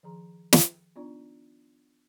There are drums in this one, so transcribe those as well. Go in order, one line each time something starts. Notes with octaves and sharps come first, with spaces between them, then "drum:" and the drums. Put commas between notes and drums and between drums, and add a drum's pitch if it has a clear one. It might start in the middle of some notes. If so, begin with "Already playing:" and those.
D#3 F3 G#4 A#5 C6
drum: snare
B3 D4 D#4 F4 D5 A#5